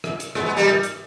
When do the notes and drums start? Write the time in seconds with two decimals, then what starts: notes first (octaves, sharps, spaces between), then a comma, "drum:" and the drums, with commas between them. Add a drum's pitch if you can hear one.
0.04 drum: rim click
0.20 drum: hi-hat
0.35 G#3 B3, drum: rim click
0.46 G#3 B3
0.57 G3 A#3
0.67 drum: rim click
0.83 drum: hi-hat